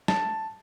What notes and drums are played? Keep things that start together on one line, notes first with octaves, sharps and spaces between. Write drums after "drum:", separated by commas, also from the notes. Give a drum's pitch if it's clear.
A5, drum: snare